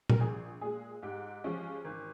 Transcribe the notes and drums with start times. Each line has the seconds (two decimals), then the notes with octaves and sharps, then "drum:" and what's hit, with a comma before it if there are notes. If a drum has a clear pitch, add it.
0.10 A#4, drum: tom A#2
0.20 A#1 G#4
0.61 A#2 G#3 G#4
1.03 G#2 G4
1.44 F3 G#3 C#4
1.85 G#1